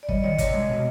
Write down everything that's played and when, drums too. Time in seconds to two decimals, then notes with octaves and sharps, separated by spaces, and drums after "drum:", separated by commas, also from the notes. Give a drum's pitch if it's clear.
0.03 D5
0.09 G3 C#5 D#5, drum: kick
0.24 D#3 C#5 D#5
0.38 C3 C#5 D#5, drum: kick, hi-hat
0.54 G#3
0.69 B2